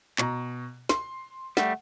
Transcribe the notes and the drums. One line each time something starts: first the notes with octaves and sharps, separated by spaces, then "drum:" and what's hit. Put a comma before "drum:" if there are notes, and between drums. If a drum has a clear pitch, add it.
B2 A#5, drum: clap
C6, drum: snare
G3 A3 F#5, drum: snare